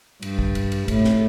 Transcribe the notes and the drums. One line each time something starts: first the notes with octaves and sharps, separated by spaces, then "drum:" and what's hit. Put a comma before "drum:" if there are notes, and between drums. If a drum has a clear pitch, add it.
G2, drum: cymbal
drum: kick
drum: cymbal
drum: cymbal
A2, drum: kick, cymbal
drum: snare